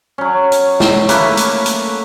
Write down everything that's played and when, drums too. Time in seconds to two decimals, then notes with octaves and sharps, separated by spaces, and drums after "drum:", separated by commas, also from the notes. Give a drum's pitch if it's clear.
0.18 F#3 C#4
0.52 drum: hi-hat
0.80 drum: snare
1.09 A3 A#3 C#4 B4, drum: hi-hat
1.37 drum: hi-hat
1.66 drum: hi-hat